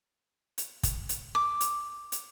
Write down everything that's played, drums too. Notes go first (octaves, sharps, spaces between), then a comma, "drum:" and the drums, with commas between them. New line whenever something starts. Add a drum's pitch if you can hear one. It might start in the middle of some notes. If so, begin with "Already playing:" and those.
drum: hi-hat
drum: kick, hi-hat
drum: hi-hat
D6
drum: hi-hat
drum: hi-hat